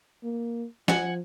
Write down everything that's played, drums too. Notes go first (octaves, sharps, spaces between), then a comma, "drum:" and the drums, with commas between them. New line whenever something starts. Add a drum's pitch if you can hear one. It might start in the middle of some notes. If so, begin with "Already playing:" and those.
A#3
F3 F#5 G#5, drum: snare